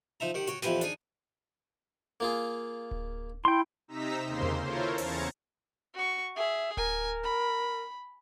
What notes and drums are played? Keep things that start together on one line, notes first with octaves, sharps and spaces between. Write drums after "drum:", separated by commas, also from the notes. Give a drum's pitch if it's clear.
F3 D#4 E5 A#5
D#3 G4 F#5
F#4 C#5 G5, drum: hi-hat
F2 E3 F3 B3 G4 G#5, drum: snare
D4 D#4 G#4 G#5, drum: hi-hat
A#3 F4 G#4
drum: kick D1
E4 G5 C6
C3 D#4 A#5 E6 B6
D#2 C#3 A#3 C5 C6
drum: tom E2
E4 F4 A4 A#4 C5 C#5
E2 C#3 A#5 G#6 A6 C#7, drum: open hi-hat
F#4 C#6
G#4 E5
A#4 G#5, drum: kick D1
B5